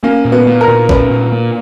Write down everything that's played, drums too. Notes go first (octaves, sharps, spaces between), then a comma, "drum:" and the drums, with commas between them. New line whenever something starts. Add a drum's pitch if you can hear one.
A#3 C#4
A#2
B3
A#3
A#4
A#2
C#4 B4, drum: kick A1
A#2
A#3